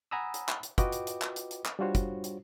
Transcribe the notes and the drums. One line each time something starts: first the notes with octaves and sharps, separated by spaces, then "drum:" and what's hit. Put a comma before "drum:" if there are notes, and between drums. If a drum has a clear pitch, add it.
F#5 G#5 A#5 B5 D#6 E6
drum: hi-hat
drum: clap
drum: hi-hat
F4 F#4 B4 D#5 G5 D6, drum: kick, hi-hat
drum: hi-hat
drum: hi-hat
drum: clap
drum: hi-hat
drum: hi-hat
drum: clap
G3 D4 F4 F#4 C5 C#5
drum: kick, hi-hat
drum: hi-hat